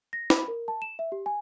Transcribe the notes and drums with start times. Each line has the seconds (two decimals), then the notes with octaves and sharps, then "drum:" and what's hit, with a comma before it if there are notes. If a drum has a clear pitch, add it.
0.13 A#6
0.30 B5, drum: snare
0.48 A#4
0.68 A5
0.82 E7
0.99 E5
1.12 G4
1.26 G#5